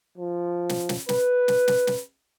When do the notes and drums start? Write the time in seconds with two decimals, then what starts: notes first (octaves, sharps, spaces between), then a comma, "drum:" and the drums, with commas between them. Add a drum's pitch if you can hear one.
0.18 F3
0.69 drum: snare
0.89 drum: snare
1.09 B4, drum: snare
1.48 drum: snare
1.68 drum: snare
1.87 drum: snare